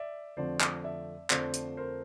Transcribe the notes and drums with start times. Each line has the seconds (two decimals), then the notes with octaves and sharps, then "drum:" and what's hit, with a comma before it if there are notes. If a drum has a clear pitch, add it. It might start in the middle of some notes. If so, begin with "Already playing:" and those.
Already playing: D5 E5
0.37 F2 D3 F3 A3 C4 C5 D5
0.60 drum: clap
0.84 D5 E5
1.30 F2 D3 F3 A3 C4 C5 D5, drum: clap
1.54 drum: hi-hat
1.77 A#4 C5